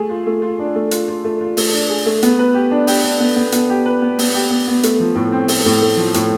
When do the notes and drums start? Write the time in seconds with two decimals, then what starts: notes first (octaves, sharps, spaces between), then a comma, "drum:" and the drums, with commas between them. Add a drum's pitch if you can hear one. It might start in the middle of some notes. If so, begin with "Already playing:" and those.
Already playing: A3 G#4
0.10 F4
0.27 A3
0.42 F4
0.59 D4
0.75 A3
0.91 F4, drum: hi-hat
1.08 F4
1.24 A3
1.41 F4
1.57 A3, drum: open hi-hat
1.73 D4
1.90 G#4
2.06 A3
2.22 B3, drum: hi-hat
2.39 B4
2.54 G4
2.71 D4
2.87 G4, drum: open hi-hat
3.04 D4
3.20 B3
3.36 B3
3.52 B3, drum: hi-hat
3.69 G4
3.86 B4
4.02 B3
4.19 B3, drum: open hi-hat
4.34 G4
4.50 B3
4.68 B3
4.83 A3, drum: hi-hat
5.00 F3
5.15 A2
5.32 C4
5.48 A3, drum: open hi-hat
5.65 A2
5.82 A3
5.97 F3
6.14 A2, drum: hi-hat